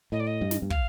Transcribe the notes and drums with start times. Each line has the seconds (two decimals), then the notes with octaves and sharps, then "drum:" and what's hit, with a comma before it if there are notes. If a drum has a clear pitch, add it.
0.12 A2 D#5
0.20 D5
0.27 D#5
0.41 G2
0.51 drum: snare
0.62 G2
0.70 F5, drum: kick